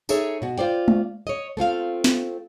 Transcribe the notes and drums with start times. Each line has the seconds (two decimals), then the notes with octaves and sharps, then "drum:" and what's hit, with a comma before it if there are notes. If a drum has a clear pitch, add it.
0.09 D#4 G#4 A4 C#5 E5, drum: tambourine
0.42 B2 F#4
0.58 F4 C5 D5 G5
0.88 drum: tom G#3
1.27 C#5 D#5
1.57 A3 C4 F4 F5
2.04 drum: snare